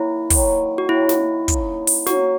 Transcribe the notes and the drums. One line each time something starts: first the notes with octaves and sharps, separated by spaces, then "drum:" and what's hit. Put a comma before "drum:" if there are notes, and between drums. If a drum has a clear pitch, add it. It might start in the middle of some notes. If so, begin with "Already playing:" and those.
Already playing: D#3 F#3 A#3 E4
D#3 F#3 A#3, drum: kick, open hi-hat
F#4
D#3 F#3 A#3 E4
drum: snare
C#3 F#3 A#3 D#4, drum: kick, hi-hat
drum: open hi-hat
C#3 F#3 A#3 D#4 F#4, drum: snare